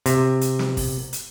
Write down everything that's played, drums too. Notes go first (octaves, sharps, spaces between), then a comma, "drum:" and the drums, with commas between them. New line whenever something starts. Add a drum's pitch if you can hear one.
C3, drum: hi-hat
drum: hi-hat
drum: snare
drum: kick, open hi-hat
drum: hi-hat